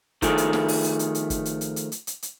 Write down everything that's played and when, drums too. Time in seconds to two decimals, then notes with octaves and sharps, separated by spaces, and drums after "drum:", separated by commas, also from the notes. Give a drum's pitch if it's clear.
0.22 D#3 F3 A3 G#4, drum: kick, hi-hat
0.38 drum: hi-hat
0.53 drum: snare
0.68 drum: open hi-hat
0.84 drum: hi-hat
0.99 drum: hi-hat
1.15 drum: hi-hat
1.30 drum: kick, hi-hat
1.45 drum: hi-hat
1.61 drum: hi-hat
1.76 drum: hi-hat
1.92 drum: hi-hat
2.07 drum: hi-hat
2.22 drum: hi-hat